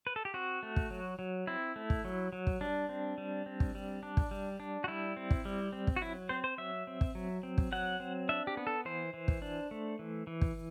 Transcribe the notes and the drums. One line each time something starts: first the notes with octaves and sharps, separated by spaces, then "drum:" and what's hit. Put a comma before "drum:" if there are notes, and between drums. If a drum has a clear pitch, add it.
B4
A4
G4
C4 F#4
A3
drum: kick
F#3
F#3
C4 E4
A3
drum: kick
F#3
F#3
drum: kick
G3 D4
C4
G3
C4
drum: kick
G3
D4
drum: kick
G3
D4
F#4
G3 E4
C4
drum: kick
G3
C4
drum: kick
F#4
F#3 E4
C4 C5
C5
F#3 E5
C4
drum: kick
F#3
C4
drum: kick
F#3 F#5
C4
D4 E5
G4
B3
A4
E3 C5
E3
drum: kick
D4
A3
E3
E3
drum: kick